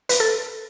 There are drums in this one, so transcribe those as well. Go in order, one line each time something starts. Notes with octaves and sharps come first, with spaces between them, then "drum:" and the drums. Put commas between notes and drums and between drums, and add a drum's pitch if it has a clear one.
B4, drum: hi-hat
A4